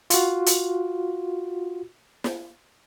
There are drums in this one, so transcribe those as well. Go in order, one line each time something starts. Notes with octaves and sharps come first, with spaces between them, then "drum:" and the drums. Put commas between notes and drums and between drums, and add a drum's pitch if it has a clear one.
F4 F#4, drum: hi-hat
drum: hi-hat
drum: snare